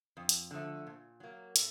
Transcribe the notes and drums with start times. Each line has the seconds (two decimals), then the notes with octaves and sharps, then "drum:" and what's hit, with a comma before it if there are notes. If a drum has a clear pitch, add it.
0.17 F2
0.29 drum: hi-hat
0.51 D3 F3 A3
0.87 A#2
1.20 F#3 A#3
1.56 A2, drum: hi-hat